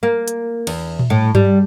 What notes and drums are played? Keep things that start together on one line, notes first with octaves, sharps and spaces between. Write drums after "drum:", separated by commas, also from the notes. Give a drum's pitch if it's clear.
A#3
drum: hi-hat
E2, drum: cymbal
drum: tom A#2
A2
G3, drum: tom G2